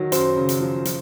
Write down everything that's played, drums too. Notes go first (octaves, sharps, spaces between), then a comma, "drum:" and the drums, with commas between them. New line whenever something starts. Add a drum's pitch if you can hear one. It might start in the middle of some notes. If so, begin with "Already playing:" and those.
Already playing: D#3 F#3
F#2 C5, drum: hi-hat
C#3
drum: hi-hat
F3
F3, drum: hi-hat